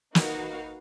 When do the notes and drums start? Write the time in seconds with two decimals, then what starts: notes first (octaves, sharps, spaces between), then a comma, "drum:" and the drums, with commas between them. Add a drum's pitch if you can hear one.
0.15 A#3 D#4 F#4 B4 F5, drum: snare